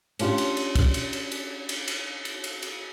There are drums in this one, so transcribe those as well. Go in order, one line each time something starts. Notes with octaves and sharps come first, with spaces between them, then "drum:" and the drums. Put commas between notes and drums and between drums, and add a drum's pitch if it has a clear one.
C#4 D4 F4 G4, drum: cymbal
drum: cymbal
drum: cymbal
drum: kick, cymbal
drum: cymbal
drum: cymbal
drum: cymbal
drum: cymbal
drum: cymbal
drum: cymbal
drum: cymbal
drum: cymbal